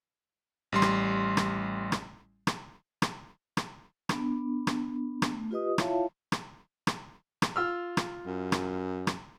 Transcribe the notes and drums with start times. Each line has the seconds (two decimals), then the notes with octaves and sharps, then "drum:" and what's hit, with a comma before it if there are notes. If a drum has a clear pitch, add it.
0.72 A1 G3 C6
0.82 drum: rim click
1.37 drum: rim click
1.92 drum: rim click
2.47 drum: rim click
3.02 drum: rim click
3.57 drum: rim click
4.09 B3 D4, drum: rim click
4.67 drum: rim click
5.22 drum: rim click
5.32 A3
5.51 F4 G4 B4 D#5 D#6
5.78 E4 F4 C#5 E5 F5 A5, drum: rim click
6.32 drum: rim click
6.87 drum: rim click
7.42 drum: rim click
7.56 F4 E6 F6
7.97 drum: rim click
8.27 F#2
8.52 drum: rim click
9.07 drum: rim click